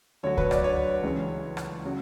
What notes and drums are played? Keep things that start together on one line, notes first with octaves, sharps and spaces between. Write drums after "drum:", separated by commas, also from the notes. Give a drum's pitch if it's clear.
D2 D3 F#3 C#5
B4, drum: kick C#2
D5, drum: rim click
C#5
C#2 C#3 E3
drum: rim click
C#3 F#3